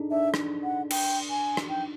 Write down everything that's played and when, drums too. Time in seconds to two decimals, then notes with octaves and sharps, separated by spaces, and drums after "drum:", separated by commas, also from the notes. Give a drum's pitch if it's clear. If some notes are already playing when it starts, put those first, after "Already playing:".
Already playing: D4 D#4 G#4 A4
0.11 D4 E5
0.34 drum: rim click
0.64 F#5
0.91 G5, drum: cymbal
1.30 G#5
1.57 drum: rim click
1.69 D#4 G5